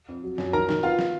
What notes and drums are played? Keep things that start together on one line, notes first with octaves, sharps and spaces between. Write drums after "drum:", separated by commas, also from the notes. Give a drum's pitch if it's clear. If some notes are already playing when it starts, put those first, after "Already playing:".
F2
F#3
F#2, drum: snare
D#3 A#4 A#5
D#3, drum: snare
B3 F4 F5
drum: snare